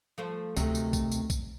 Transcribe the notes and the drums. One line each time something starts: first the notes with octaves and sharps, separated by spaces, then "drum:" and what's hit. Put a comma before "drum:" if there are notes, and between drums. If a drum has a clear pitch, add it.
F3 A3 C5
D2 C3 D#3 F#3 A3, drum: tambourine
drum: tambourine
drum: kick B1, tambourine
drum: tambourine
drum: kick B1, tambourine